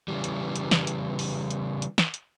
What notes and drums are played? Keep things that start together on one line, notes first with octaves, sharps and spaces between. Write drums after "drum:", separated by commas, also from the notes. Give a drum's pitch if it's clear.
C#3 E3 G3
drum: hi-hat
drum: hi-hat
drum: snare
drum: hi-hat
drum: open hi-hat
drum: hi-hat
drum: hi-hat
drum: snare
drum: hi-hat